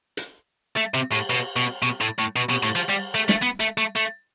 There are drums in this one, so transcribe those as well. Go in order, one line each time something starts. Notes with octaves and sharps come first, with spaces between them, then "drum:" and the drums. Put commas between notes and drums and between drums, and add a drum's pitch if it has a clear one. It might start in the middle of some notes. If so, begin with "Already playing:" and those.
drum: hi-hat
A3
C3
A2, drum: cymbal
B2
B2
B2
A2
A2
B2
B2, drum: cymbal
A2
F3
G3
A3
A3, drum: snare
B3
A3
A3
A3